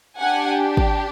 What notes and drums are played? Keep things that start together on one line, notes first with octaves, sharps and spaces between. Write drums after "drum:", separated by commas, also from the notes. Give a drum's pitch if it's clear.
D4 G4 F#5 G#5
drum: kick G#1